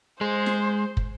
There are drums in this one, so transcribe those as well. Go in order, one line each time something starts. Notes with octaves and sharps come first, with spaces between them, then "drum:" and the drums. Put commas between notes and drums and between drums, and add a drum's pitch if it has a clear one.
G#3 G#4 C5
drum: snare
drum: kick